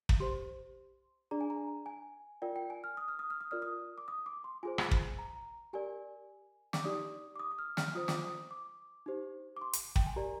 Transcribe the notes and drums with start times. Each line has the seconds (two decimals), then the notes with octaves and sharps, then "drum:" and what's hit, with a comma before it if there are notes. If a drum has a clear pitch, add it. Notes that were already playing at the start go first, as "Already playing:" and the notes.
0.09 drum: kick
0.20 G4 C5 C6
1.31 D4 G#4 D5 A#5
1.41 G#5
1.50 A#5
1.86 G#5
2.42 F4 A#4 D5 G5
2.56 G5
2.70 G#5
2.84 F6
2.97 D#6
3.08 F6
3.19 D#6
3.30 F6
3.41 D#6
3.51 F4 A#4 D5 F6
3.62 D#6
3.98 D6
4.08 D#6
4.26 D6
4.44 C6
4.63 F4 G#4 C5 G#5
4.78 drum: rim click
4.91 drum: kick
5.19 A#5
5.73 G4 A#4 D5 G#5
6.73 D6, drum: snare
6.85 D#4 G4 D5 D#6
7.36 D6
7.39 D#6
7.51 D#6
7.59 F6
7.77 F6, drum: snare
7.95 F4 C5 D#6
8.08 D6, drum: snare
8.20 D#6
8.51 D6
9.06 D#4 G4 C5
9.57 D6
9.61 C6
9.73 drum: hi-hat
9.96 G5, drum: kick
10.07 G#5
10.16 G4 A#4 D5 A#5